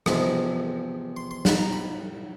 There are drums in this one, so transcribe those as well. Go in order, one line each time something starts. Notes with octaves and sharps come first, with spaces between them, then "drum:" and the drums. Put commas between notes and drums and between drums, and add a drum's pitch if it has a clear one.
E2 C3 F3 G#3 B5, drum: rim click
C6
C6
B5, drum: snare
A#5
B5